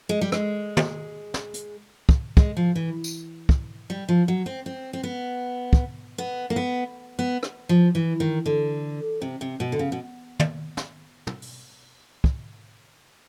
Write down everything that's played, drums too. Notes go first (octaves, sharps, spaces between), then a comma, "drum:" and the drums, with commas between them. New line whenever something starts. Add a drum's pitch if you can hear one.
G#3
G3
G#3, drum: rim click
drum: tom
drum: snare
drum: hi-hat
drum: kick
G#3, drum: kick
F3
E3
drum: tambourine
drum: kick
G3
F3
F#3
C4
C4
C4
B3
drum: kick
B3
A#3
B3
B3
drum: rim click
F3
E3
D#3
D3
C3
C3
B2
D3
C#3
B2
drum: tom
drum: snare
drum: tom
drum: open hi-hat
drum: kick